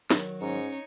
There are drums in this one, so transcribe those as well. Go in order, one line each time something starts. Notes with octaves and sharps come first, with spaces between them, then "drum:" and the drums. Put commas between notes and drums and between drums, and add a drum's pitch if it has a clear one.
D#3 F#3, drum: snare
G#2 C#4 D#4 C#5